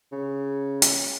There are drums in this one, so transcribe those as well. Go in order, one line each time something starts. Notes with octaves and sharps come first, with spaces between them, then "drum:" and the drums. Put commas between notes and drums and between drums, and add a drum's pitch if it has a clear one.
C#3
drum: hi-hat